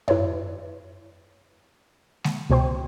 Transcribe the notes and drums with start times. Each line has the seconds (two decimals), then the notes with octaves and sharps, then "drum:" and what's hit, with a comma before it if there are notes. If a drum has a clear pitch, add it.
0.08 E4 B4 C#5 D5, drum: tom F#2
2.24 drum: snare G#3
2.50 C#2 B2 C5 G5 C6